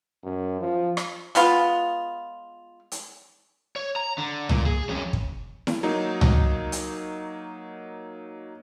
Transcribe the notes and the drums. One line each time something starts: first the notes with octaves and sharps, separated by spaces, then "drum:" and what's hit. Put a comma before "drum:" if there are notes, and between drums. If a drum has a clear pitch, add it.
F#2
F3
drum: rim click
G#3 B3 F4, drum: hi-hat
drum: hi-hat
C#5
A#5
D3
A#2, drum: tom
G#4
F2 C#4
drum: kick
drum: snare E4
F#3 A#3 D#4
drum: tom
drum: hi-hat